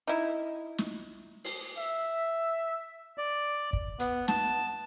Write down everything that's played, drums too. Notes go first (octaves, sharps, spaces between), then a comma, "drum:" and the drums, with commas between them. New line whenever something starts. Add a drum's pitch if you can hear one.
D#4 E4
drum: snare
drum: open hi-hat
E5
D5
drum: kick
B3, drum: hi-hat
A5, drum: snare